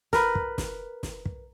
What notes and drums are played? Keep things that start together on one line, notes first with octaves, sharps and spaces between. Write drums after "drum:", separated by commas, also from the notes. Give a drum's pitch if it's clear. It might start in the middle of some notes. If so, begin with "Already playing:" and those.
A#4 B4, drum: snare
drum: kick
drum: snare
drum: snare
drum: kick